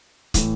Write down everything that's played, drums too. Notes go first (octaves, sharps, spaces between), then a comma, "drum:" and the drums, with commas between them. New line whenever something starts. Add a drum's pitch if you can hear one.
A2 E3, drum: kick, hi-hat